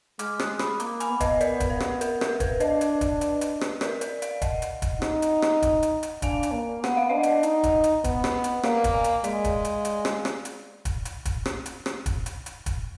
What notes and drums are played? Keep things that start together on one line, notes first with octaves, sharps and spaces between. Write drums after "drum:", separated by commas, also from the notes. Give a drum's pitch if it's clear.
G#3 D6 F6, drum: hi-hat
D#6 F#6, drum: rim click
B5 D#6, drum: rim click
A#3 A#5 D6, drum: hi-hat
G#5 B5, drum: hi-hat
B3
B4 D#5, drum: kick, hi-hat
A#4 D5, drum: hi-hat
drum: kick, hi-hat
B4
drum: rim click
A#4, drum: hi-hat
A#4, drum: rim click
B4, drum: kick, hi-hat
D4 B4 D#5, drum: hi-hat
drum: hi-hat
drum: kick, hi-hat
drum: hi-hat
drum: hi-hat
drum: rim click
A#4 D5, drum: rim click
A#4 D5, drum: hi-hat
D5 F5, drum: hi-hat
D#5 F#5, drum: kick, hi-hat
drum: hi-hat
drum: kick, hi-hat
D#4, drum: rim click
drum: hi-hat
drum: rim click
drum: kick, hi-hat
drum: hi-hat
drum: hi-hat
D4 F5 G#5, drum: kick, hi-hat
drum: hi-hat
A#3
B3 F#5, drum: rim click
F5
D4 D#5 F#5
drum: hi-hat
D#4, drum: hi-hat
drum: kick, hi-hat
drum: hi-hat
B3, drum: kick, hi-hat
drum: rim click
drum: hi-hat
A#3 D5 F5, drum: rim click
drum: kick, hi-hat
F5 G#5
drum: hi-hat
G#3 D5 F5, drum: hi-hat
drum: kick, hi-hat
drum: hi-hat
drum: hi-hat
drum: rim click
drum: rim click
drum: hi-hat
drum: kick, hi-hat
drum: hi-hat
drum: kick, hi-hat
drum: rim click
drum: hi-hat
drum: rim click
drum: kick, hi-hat
drum: hi-hat
drum: hi-hat
drum: kick, hi-hat